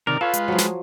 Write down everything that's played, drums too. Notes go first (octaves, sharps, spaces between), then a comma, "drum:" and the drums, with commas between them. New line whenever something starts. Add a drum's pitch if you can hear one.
C3 D#3 A#4 D5 F6
F4 A4 B4 C#5 F5
G#3, drum: hi-hat
F3 F#3
drum: snare